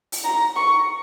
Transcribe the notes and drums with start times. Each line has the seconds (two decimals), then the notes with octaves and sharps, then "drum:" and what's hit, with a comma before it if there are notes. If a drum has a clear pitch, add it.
0.12 drum: open hi-hat
0.24 A#5
0.56 C#6